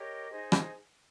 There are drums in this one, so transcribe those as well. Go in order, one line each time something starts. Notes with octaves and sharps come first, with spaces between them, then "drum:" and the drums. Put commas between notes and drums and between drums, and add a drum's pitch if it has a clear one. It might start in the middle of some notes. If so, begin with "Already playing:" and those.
Already playing: G4 A#4 C#5 D#5
D#4 G#4 C5
drum: rim click